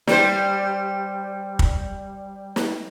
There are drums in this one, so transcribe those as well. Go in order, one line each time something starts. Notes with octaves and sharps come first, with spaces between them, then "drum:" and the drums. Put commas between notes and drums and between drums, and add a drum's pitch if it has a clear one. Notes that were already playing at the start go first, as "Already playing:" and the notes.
G3 C5, drum: snare
drum: kick
drum: snare